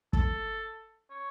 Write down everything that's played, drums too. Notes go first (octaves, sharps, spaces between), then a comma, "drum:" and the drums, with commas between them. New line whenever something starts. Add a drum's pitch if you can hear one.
A4, drum: kick
C#5